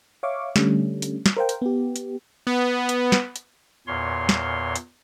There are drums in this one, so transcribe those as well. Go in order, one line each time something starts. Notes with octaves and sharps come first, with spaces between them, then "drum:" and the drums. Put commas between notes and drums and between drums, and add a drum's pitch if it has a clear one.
C#5 E5 F5 C#6 D6
D3 G3 A3 C#4, drum: snare
drum: hi-hat
drum: snare
A#4 C5 F5 G5
drum: hi-hat
B3 G4
drum: hi-hat
B3
drum: hi-hat
drum: snare
drum: hi-hat
E2 A#2 C#5 C6
drum: snare
drum: hi-hat